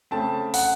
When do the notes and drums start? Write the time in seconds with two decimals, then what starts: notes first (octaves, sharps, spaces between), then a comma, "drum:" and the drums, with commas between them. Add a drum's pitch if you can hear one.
0.11 C#3 A3 C4 A5
0.54 F#5, drum: open hi-hat